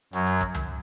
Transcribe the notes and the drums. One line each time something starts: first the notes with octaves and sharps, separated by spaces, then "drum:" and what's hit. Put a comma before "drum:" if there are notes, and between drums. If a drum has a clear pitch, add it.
F#2 F#3, drum: hi-hat
drum: hi-hat
drum: kick, hi-hat
drum: tom C#2